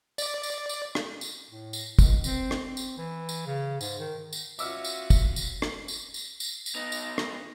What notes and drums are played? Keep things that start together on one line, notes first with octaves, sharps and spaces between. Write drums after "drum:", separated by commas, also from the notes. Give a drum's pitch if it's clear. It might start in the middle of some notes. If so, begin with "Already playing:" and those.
D5, drum: tambourine
drum: tambourine
drum: tambourine
drum: rim click
drum: tambourine
A2
drum: tambourine
C#2, drum: kick, tambourine
C4, drum: tambourine
drum: rim click
C4
drum: tambourine
E3
drum: tambourine
C#3
G#2, drum: tambourine
D#3
drum: tambourine
C#4 F4 F#4 E5 D6 E6 F6, drum: tambourine
drum: tambourine
drum: kick, tambourine
drum: tambourine
drum: rim click
drum: tambourine
drum: tambourine
drum: tambourine
drum: tambourine
B3 D#4 A#6
drum: tambourine
drum: rim click